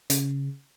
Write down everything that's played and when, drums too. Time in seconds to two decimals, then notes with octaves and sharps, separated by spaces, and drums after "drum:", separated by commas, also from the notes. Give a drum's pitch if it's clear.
0.10 C#3, drum: hi-hat